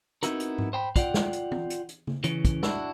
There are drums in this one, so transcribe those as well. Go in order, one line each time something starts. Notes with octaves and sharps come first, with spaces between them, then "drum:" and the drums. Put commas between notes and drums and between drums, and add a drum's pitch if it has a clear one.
B3 C4 D#4 E4 F#4 A#4, drum: hi-hat
drum: hi-hat
drum: tom G#2
C5 G5 B5
F4 D5 F#5 G5, drum: kick, hi-hat
drum: snare
drum: hi-hat
drum: tom
drum: hi-hat
drum: hi-hat
drum: tom C#3
C#3 E3 C#4, drum: hi-hat
drum: kick, hi-hat
D4 E4 F#4, drum: snare